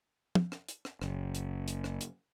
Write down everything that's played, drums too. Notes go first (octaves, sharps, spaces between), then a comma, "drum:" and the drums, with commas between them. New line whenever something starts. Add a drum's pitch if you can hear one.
drum: tom
drum: rim click
drum: hi-hat
drum: rim click
F#1, drum: rim click
drum: hi-hat
drum: hi-hat
drum: rim click
drum: hi-hat